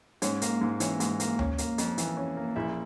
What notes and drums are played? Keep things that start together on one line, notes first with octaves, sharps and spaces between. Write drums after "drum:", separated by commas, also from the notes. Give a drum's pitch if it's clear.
G#2 C#4 C#5, drum: hi-hat
A#3, drum: hi-hat
G#2
E3 C#4 C#5, drum: hi-hat
G#2, drum: hi-hat
A#3, drum: hi-hat
C#4, drum: tom D2
A#3, drum: hi-hat
F2, drum: hi-hat
E3, drum: hi-hat
C#4
A#3
A#1 E4 E5